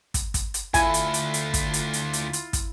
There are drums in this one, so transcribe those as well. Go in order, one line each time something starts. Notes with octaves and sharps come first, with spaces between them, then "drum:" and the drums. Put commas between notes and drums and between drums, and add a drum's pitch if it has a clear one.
drum: kick, hi-hat
drum: kick, hi-hat
drum: hi-hat
D2 E4 F4 A4 G#5, drum: kick, hi-hat
drum: hi-hat
drum: hi-hat
drum: hi-hat
drum: kick, hi-hat
drum: hi-hat
drum: hi-hat
drum: hi-hat
drum: hi-hat
drum: kick, hi-hat